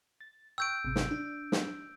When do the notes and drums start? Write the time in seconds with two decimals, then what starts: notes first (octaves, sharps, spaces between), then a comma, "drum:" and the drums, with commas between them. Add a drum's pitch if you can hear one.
0.21 A6
0.58 G5 C#6 E6 F#6 G6 D7
0.85 G#1 C3
0.96 drum: snare
1.11 D4
1.52 drum: snare